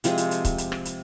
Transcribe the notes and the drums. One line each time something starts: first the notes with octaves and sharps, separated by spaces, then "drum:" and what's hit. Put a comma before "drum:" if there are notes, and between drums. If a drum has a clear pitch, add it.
C3 F3 G#3 G#4, drum: hi-hat
drum: hi-hat
drum: hi-hat
drum: kick C#1, hi-hat
drum: hi-hat
drum: rim click
drum: hi-hat